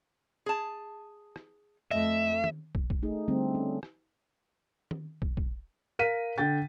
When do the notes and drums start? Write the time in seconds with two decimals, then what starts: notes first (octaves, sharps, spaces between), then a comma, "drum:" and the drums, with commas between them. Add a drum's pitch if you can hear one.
0.46 G#4 A5
1.36 drum: rim click
1.91 F2 A3 D#5 E5
2.44 drum: tom D#3
2.75 drum: kick
2.90 drum: kick
3.03 A3 D#4 G#4
3.28 D3 G3 A3 C4
3.55 C#4
3.83 drum: rim click
4.91 drum: tom D#3
5.22 drum: kick
5.37 drum: kick
5.99 A#4 F5 B6 D#7
6.38 D3 G5 A6